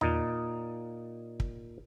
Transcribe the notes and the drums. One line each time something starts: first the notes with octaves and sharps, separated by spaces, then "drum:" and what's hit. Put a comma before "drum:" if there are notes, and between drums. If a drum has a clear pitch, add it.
A#2 D#4, drum: tom E2
drum: kick